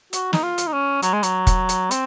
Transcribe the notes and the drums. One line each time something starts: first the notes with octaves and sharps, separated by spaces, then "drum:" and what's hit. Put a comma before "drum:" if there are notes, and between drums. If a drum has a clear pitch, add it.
F#4, drum: hi-hat
D#4, drum: snare
F4
drum: hi-hat
D#4
C#4
F#3, drum: hi-hat
G#3
F#3, drum: hi-hat
drum: kick, hi-hat
drum: hi-hat
C4, drum: hi-hat